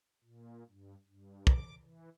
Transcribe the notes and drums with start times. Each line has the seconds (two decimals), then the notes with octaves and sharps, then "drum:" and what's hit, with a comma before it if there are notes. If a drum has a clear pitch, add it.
0.24 A#2
0.68 G2
1.08 G2
1.47 D6, drum: kick
1.83 E3